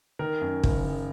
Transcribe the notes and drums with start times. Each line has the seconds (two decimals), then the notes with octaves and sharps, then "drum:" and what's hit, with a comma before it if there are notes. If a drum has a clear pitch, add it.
0.19 D#3 A#4
0.41 F#2
0.64 F#1, drum: kick
0.85 F#1